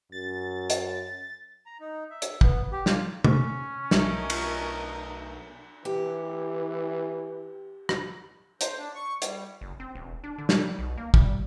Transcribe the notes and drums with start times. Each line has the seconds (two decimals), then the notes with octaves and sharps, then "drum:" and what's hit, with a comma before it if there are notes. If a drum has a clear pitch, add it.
0.12 F#2 A6
0.70 drum: hi-hat
1.66 A#5
1.80 D#4
2.10 E5
2.22 drum: hi-hat
2.41 B3, drum: kick
2.72 G4
2.86 F4, drum: snare
3.24 C#4, drum: tom C3
3.91 B1 A3 A#4 D#5, drum: snare
4.30 drum: cymbal
5.85 E3 G4
7.89 drum: rim click
8.61 C5, drum: hi-hat
8.78 D4
8.95 C#6
9.22 G3, drum: hi-hat
9.61 F#1
9.80 C4
9.95 E1
10.24 D4
10.38 D3
10.49 drum: snare
10.59 G3
10.79 B1
10.97 A#3
11.14 G3, drum: kick